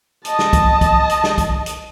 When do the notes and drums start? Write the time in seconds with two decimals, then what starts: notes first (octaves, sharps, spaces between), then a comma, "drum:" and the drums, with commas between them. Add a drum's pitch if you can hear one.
0.25 D#5 A5, drum: hi-hat
0.39 drum: snare
0.53 drum: kick, hi-hat
0.81 drum: kick, hi-hat
1.10 drum: hi-hat
1.24 drum: snare
1.38 drum: kick, hi-hat
1.66 drum: hi-hat